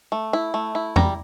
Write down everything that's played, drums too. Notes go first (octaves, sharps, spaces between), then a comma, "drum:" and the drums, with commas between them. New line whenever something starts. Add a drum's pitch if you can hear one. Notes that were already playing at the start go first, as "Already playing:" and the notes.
A3
E4
A3
E4
G3 A#5, drum: tom E2